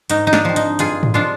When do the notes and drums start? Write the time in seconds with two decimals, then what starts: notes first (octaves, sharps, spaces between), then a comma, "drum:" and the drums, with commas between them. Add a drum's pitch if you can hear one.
0.10 G#2 D#4, drum: hi-hat
0.27 D#4
0.33 D4, drum: snare
0.45 F3 C4
0.56 D#4, drum: hi-hat
0.79 G2 F4 G#4, drum: hi-hat
1.03 drum: tom G#2
1.14 F3 G#3 D4 F4